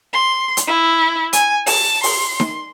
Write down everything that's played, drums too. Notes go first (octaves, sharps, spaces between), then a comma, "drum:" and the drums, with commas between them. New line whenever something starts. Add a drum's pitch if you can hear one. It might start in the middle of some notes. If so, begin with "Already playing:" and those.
C6
drum: hi-hat
E4
G#5, drum: hi-hat
A5, drum: open hi-hat
C6, drum: open hi-hat
drum: snare D#4